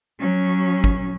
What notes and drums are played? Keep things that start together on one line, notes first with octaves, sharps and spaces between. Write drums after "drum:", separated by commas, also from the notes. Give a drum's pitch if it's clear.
F#3 C#4
drum: kick G#1